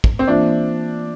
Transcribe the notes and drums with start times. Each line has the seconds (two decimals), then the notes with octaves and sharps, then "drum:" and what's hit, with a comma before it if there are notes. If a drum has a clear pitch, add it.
0.04 drum: kick
0.19 C4
0.27 E3 A#3 D4 F4 C5 E5